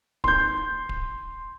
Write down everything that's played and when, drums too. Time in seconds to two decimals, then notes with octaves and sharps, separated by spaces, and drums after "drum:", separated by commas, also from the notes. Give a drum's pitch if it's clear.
0.24 C6 G6, drum: kick D1
0.89 drum: kick D1